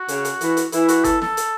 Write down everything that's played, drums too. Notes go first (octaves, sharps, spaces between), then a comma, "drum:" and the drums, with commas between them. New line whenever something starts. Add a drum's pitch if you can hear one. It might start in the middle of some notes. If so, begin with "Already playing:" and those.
Already playing: F#4
C#3, drum: hi-hat
drum: hi-hat
E3, drum: hi-hat
drum: hi-hat
E3 E4, drum: hi-hat
F#4, drum: hi-hat
A4, drum: kick, hi-hat
A4, drum: snare
drum: hi-hat